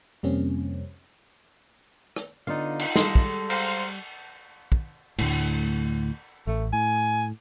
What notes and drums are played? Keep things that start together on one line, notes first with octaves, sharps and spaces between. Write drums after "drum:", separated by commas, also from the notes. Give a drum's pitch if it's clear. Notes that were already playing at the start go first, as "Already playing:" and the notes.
F2 C3 G3 A#3 C4 C#4
drum: rim click
D3 B3 D4 D#4 F4 F5
drum: cymbal
G3 G#3 A4, drum: snare
drum: kick
C5 F5 A#5, drum: cymbal
drum: kick
D2 A2, drum: cymbal
A1 A3
A2 G#5